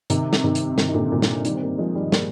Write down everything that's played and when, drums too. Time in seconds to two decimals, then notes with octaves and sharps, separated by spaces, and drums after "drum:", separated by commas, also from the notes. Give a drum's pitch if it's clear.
0.10 C3 D#3, drum: hi-hat
0.33 drum: snare
0.44 C3 D#3
0.55 drum: hi-hat
0.78 C3 D#3, drum: snare
0.89 D#3
0.94 A#2 D3
1.11 A#2 D3
1.22 drum: snare
1.45 D#3 G3, drum: hi-hat
1.55 C4
1.62 G3 A#3
1.78 F3 G#3
1.95 D#3 G3
2.12 G3 A#3, drum: snare